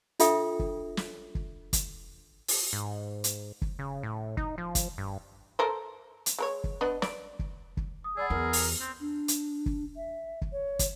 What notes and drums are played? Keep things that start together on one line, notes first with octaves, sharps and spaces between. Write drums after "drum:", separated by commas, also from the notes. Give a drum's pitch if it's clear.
D4 F4 A4 E5 G5 D#6, drum: hi-hat
drum: kick
drum: snare
drum: kick
drum: kick, hi-hat
drum: open hi-hat
G#2
drum: hi-hat
drum: kick
C#3
A2
D#4, drum: kick
F3
drum: kick, hi-hat
G2
A4 A#4 C5
drum: hi-hat
G#3 A#4 C#5
drum: kick
B3 D4 D#5
D5, drum: snare
drum: kick
drum: kick
D#6
G#4 D5 F#5 B5 E6
E2 A#4
F7, drum: open hi-hat
C4
D4
drum: hi-hat
drum: kick
E5
drum: kick
C#5
drum: kick, hi-hat